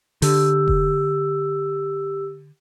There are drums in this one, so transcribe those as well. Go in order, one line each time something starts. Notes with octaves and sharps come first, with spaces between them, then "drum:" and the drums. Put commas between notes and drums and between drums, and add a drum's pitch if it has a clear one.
D3 G4 E6, drum: open hi-hat
drum: kick F1